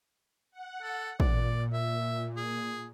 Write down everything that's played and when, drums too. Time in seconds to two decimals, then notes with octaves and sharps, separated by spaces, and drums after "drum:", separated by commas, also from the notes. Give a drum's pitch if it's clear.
0.51 F#5
0.82 A4
1.20 A#2 D5, drum: kick
1.73 E5
2.37 G#4